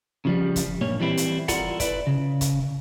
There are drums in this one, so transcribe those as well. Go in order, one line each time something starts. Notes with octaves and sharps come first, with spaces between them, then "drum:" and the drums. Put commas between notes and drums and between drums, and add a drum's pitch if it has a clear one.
C#3 F3 G3
drum: kick, hi-hat
G2 A#2 A#3 C#5
E3 G3 C4 E4
drum: hi-hat
E4 F4 A4 A#4 D5 F#5, drum: kick, hi-hat
E4 B4 D5, drum: kick, hi-hat
C#3
drum: kick, hi-hat